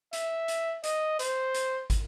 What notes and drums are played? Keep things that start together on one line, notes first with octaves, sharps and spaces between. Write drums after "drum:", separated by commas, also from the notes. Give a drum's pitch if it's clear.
E5, drum: hi-hat
drum: hi-hat
D#5, drum: hi-hat
C5, drum: hi-hat
drum: hi-hat
drum: kick, hi-hat